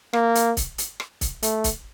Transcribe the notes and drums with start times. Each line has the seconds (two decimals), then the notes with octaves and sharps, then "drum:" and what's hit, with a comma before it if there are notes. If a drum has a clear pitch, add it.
0.13 A#3, drum: rim click
0.35 drum: hi-hat
0.57 drum: kick, hi-hat
0.78 drum: hi-hat
1.00 drum: rim click
1.21 drum: kick, hi-hat
1.43 A3, drum: hi-hat
1.64 drum: kick, hi-hat